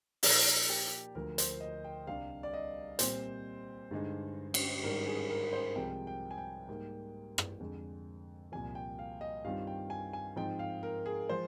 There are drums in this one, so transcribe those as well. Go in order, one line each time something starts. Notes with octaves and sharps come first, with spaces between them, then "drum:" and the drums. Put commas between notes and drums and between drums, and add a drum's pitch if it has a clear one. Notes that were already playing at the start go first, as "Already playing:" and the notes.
A#2 F3 A#3 D#4 D5, drum: open hi-hat
G4
D2 D3 F3 A#4
C5, drum: hi-hat
D#5
G5
C2 C3 G3 D4 F5
D5
D#5
A#2 G3 C4 C5, drum: hi-hat
G2 D3 G#3 D#4
drum: cymbal
G#2 D#3 G3 D4 A#4
G#4
A#4
C5
C2 C3 F3 G#3 G5
G5
G#5
G5
G#2 G3 A#3
drum: rim click
F2 D3 G#3
C2 A#2 F3 G#5
G5
F5
D#5
G2 D#3 G3 C4 F4 F5
G5
G#5
G#5
G#2 F3 C4 D#4 G5
F5
A#4
G#4
F3 G#3 C5